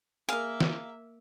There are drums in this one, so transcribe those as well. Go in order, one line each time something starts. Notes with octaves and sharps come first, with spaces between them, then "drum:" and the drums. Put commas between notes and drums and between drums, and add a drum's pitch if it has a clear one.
A#3 G#4 A#4 E5 F5, drum: hi-hat
drum: snare